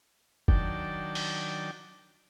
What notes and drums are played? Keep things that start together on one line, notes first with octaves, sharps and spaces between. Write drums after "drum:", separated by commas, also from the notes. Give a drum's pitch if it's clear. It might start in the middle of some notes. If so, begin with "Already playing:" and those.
D#3 F#3 D4 D5 G5 A5, drum: kick
drum: open hi-hat